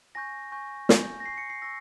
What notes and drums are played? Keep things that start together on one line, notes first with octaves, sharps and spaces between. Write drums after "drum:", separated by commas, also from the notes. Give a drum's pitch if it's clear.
G#5 C#6 G6 A#6
G#5 C#6 G6
G#5 C#6 G6, drum: snare
A#6
G#5 C#6 G6 C7
C#7
C7
C#6 E6 A#6